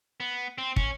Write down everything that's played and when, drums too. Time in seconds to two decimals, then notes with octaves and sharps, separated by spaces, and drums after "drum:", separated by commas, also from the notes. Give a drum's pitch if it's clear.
0.20 B3
0.58 C4
0.76 C#4, drum: kick